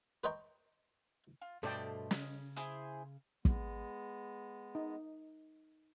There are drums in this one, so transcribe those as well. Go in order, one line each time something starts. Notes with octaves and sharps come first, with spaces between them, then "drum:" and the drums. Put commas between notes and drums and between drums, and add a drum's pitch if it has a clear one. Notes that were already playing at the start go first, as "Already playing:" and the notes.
B4 C5 D#5 G5 A#5 C#6
F4
G2 B2 A3 A4 C5 D5 D#5 G5
C#3, drum: snare
E4 G#4 C5, drum: hi-hat
G#3 B3, drum: kick
D#4